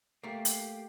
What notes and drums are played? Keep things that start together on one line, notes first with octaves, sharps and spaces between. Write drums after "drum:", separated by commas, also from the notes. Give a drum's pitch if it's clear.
A3 A#3 G4 F5 G5
drum: hi-hat